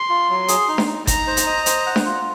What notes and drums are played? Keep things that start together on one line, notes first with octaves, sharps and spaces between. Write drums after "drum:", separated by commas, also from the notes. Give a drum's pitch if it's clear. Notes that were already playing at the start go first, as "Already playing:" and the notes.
Already playing: C6
F4
F#3
G#4, drum: hi-hat
D#4
drum: snare D4
D#4
D#4 A#5, drum: kick G1, hi-hat
C5
drum: hi-hat
D#5
C5, drum: hi-hat
F#5
drum: snare D4
F4